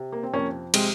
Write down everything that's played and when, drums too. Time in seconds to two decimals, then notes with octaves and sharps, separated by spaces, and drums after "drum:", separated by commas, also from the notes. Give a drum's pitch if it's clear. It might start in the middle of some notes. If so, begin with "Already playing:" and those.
Already playing: C3
0.12 A#3
0.23 C4
0.33 F2 A#3 C#4
0.74 C3 G#3 C4, drum: cymbal